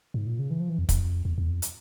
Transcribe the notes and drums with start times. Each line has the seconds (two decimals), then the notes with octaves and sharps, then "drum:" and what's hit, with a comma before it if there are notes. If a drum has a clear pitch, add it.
0.14 G#2
0.26 A#2
0.39 C#3
0.51 E3
0.60 F3
0.70 E3
0.79 F2
0.89 F2, drum: kick, hi-hat
1.25 E2
1.38 E2
1.50 F2
1.62 drum: hi-hat